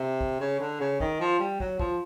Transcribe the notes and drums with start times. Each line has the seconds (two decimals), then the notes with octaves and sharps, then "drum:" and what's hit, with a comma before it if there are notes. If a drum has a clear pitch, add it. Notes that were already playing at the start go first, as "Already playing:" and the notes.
Already playing: C3
0.21 drum: kick
0.40 C#3
0.60 D3
0.80 C#3
1.00 D#3, drum: kick
1.20 F3
1.39 G3
1.60 F#3, drum: kick
1.80 F3, drum: kick